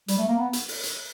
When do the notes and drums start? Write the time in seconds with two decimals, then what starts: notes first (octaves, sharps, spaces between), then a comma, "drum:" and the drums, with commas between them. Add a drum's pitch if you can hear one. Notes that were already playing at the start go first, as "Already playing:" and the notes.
0.08 G3, drum: hi-hat
0.18 A3
0.28 A#3
0.38 B3
0.53 drum: hi-hat
0.68 drum: open hi-hat
0.83 drum: hi-hat